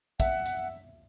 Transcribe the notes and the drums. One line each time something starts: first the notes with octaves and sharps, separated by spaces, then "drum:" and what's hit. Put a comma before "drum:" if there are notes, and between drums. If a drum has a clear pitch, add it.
E5 F#5, drum: kick, hi-hat
drum: hi-hat